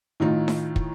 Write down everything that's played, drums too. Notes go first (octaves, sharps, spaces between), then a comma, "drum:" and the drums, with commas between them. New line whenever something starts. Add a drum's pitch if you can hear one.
A2 D#3 D#4 F4
drum: snare D#4
drum: kick